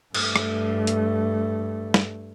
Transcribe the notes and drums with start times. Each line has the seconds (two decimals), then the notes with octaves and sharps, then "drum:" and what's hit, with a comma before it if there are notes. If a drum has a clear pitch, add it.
0.15 G2 A3, drum: cymbal
0.36 drum: rim click
0.87 drum: hi-hat
1.94 drum: snare